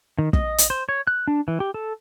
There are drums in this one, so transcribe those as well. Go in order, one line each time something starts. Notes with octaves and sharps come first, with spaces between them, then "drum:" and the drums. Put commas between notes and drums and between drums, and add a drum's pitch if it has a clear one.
D#3
D#5, drum: kick
drum: hi-hat
C5
C#5
F#6
D4
E3
G4
A4